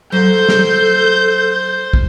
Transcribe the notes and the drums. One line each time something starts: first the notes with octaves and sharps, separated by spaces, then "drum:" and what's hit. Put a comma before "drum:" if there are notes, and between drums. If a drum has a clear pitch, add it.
F#3 A4 C5 F#5 G6
drum: snare
drum: kick